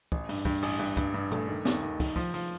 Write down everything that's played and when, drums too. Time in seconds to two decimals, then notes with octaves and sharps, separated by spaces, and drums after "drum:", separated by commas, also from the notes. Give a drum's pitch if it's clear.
0.12 A1, drum: kick
0.29 G2, drum: open hi-hat
0.45 G2, drum: kick
0.63 A1, drum: open hi-hat
0.79 G2
0.97 G2, drum: kick, hi-hat
1.14 G2
1.31 A3, drum: tom A#2
1.48 D#3
1.65 D#2, drum: snare
1.83 D#2
2.00 D#3, drum: kick, open hi-hat
2.16 F3, drum: kick
2.34 F3, drum: open hi-hat